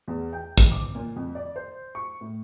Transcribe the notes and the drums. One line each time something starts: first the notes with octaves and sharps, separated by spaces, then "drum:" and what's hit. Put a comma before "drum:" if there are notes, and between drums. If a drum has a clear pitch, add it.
E2
G5
drum: kick
D6
A#2
F2
D5
C5
C#6
A2